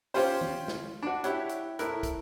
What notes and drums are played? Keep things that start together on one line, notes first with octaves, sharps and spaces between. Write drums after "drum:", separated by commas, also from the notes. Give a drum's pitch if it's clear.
C#4 F4 G4 C5, drum: open hi-hat
drum: tom D#3
drum: snare
D4 F#4
E4 G4 C#5 F#5, drum: hi-hat
drum: hi-hat
A2 E4 A#4 F#6, drum: hi-hat
drum: kick, hi-hat